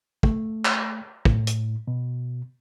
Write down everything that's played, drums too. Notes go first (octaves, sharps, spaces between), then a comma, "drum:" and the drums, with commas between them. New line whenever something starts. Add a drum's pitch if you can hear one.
A3, drum: kick
drum: clap
A2, drum: kick
drum: hi-hat
B2